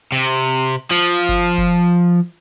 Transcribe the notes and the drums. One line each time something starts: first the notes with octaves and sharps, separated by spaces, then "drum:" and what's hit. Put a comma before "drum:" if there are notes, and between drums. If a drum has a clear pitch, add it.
C3
F3
drum: kick F#1
drum: kick F#1